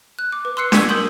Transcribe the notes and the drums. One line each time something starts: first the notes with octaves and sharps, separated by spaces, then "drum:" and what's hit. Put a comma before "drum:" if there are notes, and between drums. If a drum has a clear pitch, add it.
F#6
D6
B4
C6 E6 F#6 C7 C#7
C#6 E6 G#6 B6 C#7 D#7, drum: snare D4
A#4 D#6 G6 F#7